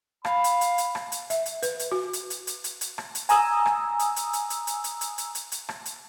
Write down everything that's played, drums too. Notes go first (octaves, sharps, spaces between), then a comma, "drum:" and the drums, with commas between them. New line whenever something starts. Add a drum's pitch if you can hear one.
F5 B5, drum: rim click
drum: hi-hat
drum: hi-hat
drum: hi-hat
drum: rim click
drum: hi-hat
E5, drum: hi-hat
drum: hi-hat
B4, drum: hi-hat
drum: hi-hat
F#4
drum: hi-hat
drum: hi-hat
drum: hi-hat
drum: hi-hat
drum: hi-hat
drum: rim click
drum: hi-hat
G#5 A#5 D#6 E6, drum: hi-hat
drum: rim click
drum: hi-hat
drum: hi-hat
drum: hi-hat
drum: hi-hat
drum: hi-hat
drum: hi-hat
drum: hi-hat
drum: hi-hat
drum: hi-hat
drum: hi-hat
drum: rim click
drum: hi-hat